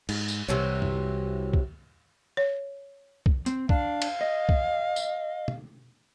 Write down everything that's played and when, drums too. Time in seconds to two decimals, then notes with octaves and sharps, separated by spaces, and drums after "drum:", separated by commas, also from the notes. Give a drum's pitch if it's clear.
0.09 G#2, drum: cymbal
0.28 drum: tambourine
0.48 C2 C3 E3 F#3
0.82 drum: tom
1.54 drum: kick
2.37 C#5
3.26 drum: kick
3.46 C4, drum: hi-hat
3.69 D4 F5, drum: kick
4.02 drum: cymbal
4.21 D#5
4.49 drum: kick
4.96 drum: tambourine
5.48 drum: tom